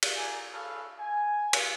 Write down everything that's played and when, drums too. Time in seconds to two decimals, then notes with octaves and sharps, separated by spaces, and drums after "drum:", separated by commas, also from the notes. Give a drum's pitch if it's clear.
0.03 drum: cymbal
0.16 A#3 G#5
0.53 G#4 A4 B4 C#5 F5
1.00 G#5
1.53 drum: cymbal